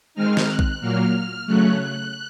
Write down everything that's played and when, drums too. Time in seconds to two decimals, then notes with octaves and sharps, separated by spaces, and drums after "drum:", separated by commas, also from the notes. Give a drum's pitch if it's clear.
0.15 D#3 G#3 C4 D#4 F6
0.37 drum: snare
0.48 F#6
0.59 drum: kick A#1
0.80 A#2 F#3 A#3 F6
1.47 C#3 F#3 A3 C#4 F#6